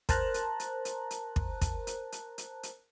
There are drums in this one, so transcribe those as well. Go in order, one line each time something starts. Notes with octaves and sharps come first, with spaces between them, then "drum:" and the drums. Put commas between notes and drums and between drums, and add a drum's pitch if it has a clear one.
A#4 C5 A5 A#5 F#6, drum: kick, hi-hat
drum: hi-hat
drum: hi-hat
drum: hi-hat
drum: hi-hat
drum: kick
drum: kick, hi-hat
drum: hi-hat
drum: hi-hat
drum: hi-hat
drum: hi-hat